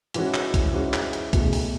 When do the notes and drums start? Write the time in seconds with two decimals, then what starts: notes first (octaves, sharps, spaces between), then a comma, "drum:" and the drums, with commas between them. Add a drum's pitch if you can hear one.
0.14 G#2 E3 G#3 C#4 F#4, drum: hi-hat
0.34 drum: clap
0.54 drum: kick, hi-hat
0.73 G#2 E3 G#3 C#4 F#4
0.93 drum: clap
1.13 drum: hi-hat
1.33 E2 B2 A3, drum: kick, hi-hat
1.53 drum: open hi-hat